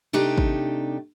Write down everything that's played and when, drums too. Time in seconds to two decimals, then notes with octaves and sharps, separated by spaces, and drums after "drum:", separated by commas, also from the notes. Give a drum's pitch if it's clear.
0.13 C3 A3 D4 D#4 G4
0.38 drum: kick